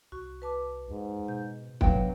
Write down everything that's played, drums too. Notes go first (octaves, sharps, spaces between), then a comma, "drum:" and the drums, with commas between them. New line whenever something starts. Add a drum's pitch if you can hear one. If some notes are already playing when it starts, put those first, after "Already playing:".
C2 F#4 C#6
B4 A5 D6
F2 G#2
B2 G6
C3 F#3 B3 D4 F5 G5, drum: kick